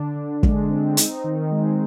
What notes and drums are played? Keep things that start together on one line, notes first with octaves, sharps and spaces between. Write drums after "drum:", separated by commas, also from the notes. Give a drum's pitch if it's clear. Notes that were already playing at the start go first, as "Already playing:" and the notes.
Already playing: D3 D4
D3
G#3, drum: kick
C4
D#4, drum: hi-hat
D#3
G#3